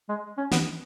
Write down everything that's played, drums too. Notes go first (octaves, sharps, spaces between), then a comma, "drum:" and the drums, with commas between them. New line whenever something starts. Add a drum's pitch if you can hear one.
G#3
C#4
B3, drum: snare